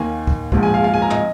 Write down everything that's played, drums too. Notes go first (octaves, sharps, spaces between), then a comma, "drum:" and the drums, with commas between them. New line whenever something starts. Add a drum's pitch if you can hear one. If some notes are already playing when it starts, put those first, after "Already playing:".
Already playing: D#2 D#3 A#3 G#5
drum: kick
A#1 G#2 F3, drum: kick
G#5
F5
F5
G#5
A#5
D#5, drum: tom